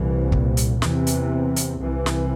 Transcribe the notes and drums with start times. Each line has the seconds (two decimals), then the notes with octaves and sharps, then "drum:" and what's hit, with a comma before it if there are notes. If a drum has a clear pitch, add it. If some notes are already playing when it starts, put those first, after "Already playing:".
Already playing: C2 A#2 E3
0.32 drum: kick
0.57 drum: hi-hat
0.82 E2 C3 E3, drum: snare
1.07 drum: hi-hat
1.56 drum: hi-hat
1.81 C2 C3 E3
2.06 drum: snare